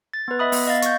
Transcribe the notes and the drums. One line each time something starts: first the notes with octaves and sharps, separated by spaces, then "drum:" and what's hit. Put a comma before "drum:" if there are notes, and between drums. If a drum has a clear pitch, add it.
A6
B3 B4
D#5 E5 B5 D#6
B3, drum: open hi-hat
D#5 F5 A6
C#6 G6, drum: hi-hat